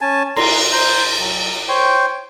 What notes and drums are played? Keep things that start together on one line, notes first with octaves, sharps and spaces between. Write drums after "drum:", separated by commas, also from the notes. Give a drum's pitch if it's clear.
C#4 G#5 A5
A#5 C6, drum: cymbal
C5 A#5
F#3
C5 C#5 G5